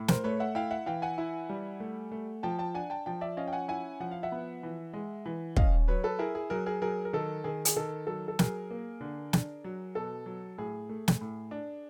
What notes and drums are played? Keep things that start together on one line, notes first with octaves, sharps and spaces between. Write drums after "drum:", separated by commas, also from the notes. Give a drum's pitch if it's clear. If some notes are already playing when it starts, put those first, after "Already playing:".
Already playing: A2
A#4 C5, drum: snare
A3 B4 C#5
E5 F#5
E4 F5 G5
E5 F#5
E3 F5 G5
F#5 G#5
E4
G3
A3
A3
F3 G5 A5
G5 A5
D4 F#5 G#5
G5 A5
F3 G5 A5
D5 E5
C#4 D#5 F5
G5
F#5 G#5
E4 F#5 G#5
F3 F#5
F5
E5 F#5
B3
E3
G#3
E3
C#4 D#5 F5, drum: kick
F#3 B4 C#5
A4 B4
E4 G#4 A#4
G#4
F#3 G#4 A#4
G#4 A#4
F#3 G#4 A#4
A#4
D#3 A4
D#3 G#4
G#4, drum: hi-hat
D#3 A4
F#3 A4
A4
F#3 G#4 A#4, drum: snare
A#3
D3
D4, drum: snare
F#3
B2 A4
F#3
A2 G#4
A3
drum: snare
A2
D4